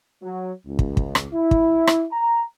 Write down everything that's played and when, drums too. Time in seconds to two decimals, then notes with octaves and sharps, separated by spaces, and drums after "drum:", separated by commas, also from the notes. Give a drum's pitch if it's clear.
0.23 F#3
0.67 C#2
0.79 drum: kick
0.97 drum: kick
1.15 drum: rim click
1.33 E4
1.51 drum: kick
1.87 drum: rim click
2.11 A#5